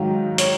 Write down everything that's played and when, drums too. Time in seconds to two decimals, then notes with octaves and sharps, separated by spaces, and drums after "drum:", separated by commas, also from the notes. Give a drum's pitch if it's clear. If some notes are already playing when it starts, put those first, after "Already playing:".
Already playing: G#2 D#3 F#3 F5
0.38 C#5, drum: hi-hat